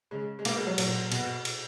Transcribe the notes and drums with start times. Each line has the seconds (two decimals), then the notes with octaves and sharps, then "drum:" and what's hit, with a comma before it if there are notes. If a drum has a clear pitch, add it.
0.11 C#3 G#3
0.39 G#3
0.45 B2 A#3, drum: cymbal
0.57 G#3
0.67 F#3
0.78 A#2 F#3, drum: cymbal
1.12 B2, drum: cymbal
1.45 drum: cymbal